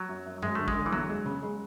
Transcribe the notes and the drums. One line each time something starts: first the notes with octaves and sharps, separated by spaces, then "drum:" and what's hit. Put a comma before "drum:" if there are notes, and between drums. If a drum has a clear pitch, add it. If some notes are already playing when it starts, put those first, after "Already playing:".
Already playing: F#3
F#2
F#2
F#2 G#3, drum: tom F#2
D3 A3
G#3, drum: kick G#1
D3
E3
E2 F#3
G#3
C#3
G#3